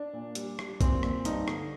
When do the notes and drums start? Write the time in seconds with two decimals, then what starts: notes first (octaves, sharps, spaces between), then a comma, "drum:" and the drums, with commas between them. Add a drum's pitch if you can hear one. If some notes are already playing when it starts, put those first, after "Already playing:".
Already playing: D4
0.13 A#2
0.35 G3, drum: hi-hat
0.59 G3, drum: rim click
0.81 A#2 C4, drum: kick, hi-hat
1.03 A#2, drum: rim click
1.25 G2 D#4, drum: hi-hat
1.48 D3, drum: rim click